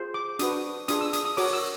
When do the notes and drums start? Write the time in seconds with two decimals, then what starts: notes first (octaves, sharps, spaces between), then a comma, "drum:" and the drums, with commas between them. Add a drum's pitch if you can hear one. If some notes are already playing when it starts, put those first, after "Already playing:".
Already playing: F4 G#4 C5
0.14 D6
0.39 D4 F#4 B4 D#6, drum: hi-hat
0.88 D4 F4 G#4 D#6, drum: hi-hat
1.01 E6
1.13 D#6, drum: hi-hat
1.25 D#6
1.37 F#4 A#4 C#5 D6, drum: open hi-hat
1.53 E6